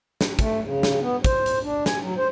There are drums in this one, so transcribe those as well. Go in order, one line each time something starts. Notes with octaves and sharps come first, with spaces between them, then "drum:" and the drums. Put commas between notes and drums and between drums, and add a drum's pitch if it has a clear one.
drum: snare
A3, drum: kick, hi-hat
C#3
drum: snare
B3
C5, drum: kick, hi-hat
drum: hi-hat
D4
G#5, drum: snare
F#3
C5